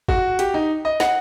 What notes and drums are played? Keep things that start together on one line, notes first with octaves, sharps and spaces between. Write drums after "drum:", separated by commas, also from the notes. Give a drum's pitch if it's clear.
F#4, drum: kick
G4, drum: hi-hat
D#4
D#5
F#5, drum: snare